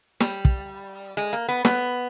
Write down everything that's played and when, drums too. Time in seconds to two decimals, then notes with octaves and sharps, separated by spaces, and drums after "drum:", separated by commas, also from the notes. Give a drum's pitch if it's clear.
0.20 G3, drum: snare
0.45 drum: kick
1.17 G#3
1.33 A#3
1.48 B3
1.65 B3, drum: snare